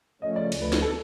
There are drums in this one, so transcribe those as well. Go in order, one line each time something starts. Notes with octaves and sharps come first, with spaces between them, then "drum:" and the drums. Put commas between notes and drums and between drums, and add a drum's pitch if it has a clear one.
C#3 F3 A3 C#4 D#5
D5
D2 D3 F3 A3, drum: cymbal
B4
drum: snare
A4